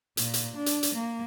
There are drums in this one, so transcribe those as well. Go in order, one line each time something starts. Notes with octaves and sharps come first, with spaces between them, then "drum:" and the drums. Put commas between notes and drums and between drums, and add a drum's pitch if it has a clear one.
A#2, drum: hi-hat
drum: hi-hat
D4
drum: hi-hat
drum: hi-hat
A#3